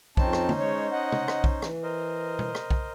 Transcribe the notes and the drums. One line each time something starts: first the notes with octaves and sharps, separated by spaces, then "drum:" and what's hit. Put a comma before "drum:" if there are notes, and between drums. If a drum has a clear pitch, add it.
F2 C4 C#4 D#4 C5 A5, drum: kick
drum: rim click
drum: tom
G#3 C#5
D#5 F#5
drum: tom
drum: rim click
drum: kick
E3, drum: rim click
A#4 C5 D#5
drum: tom
drum: rim click
drum: kick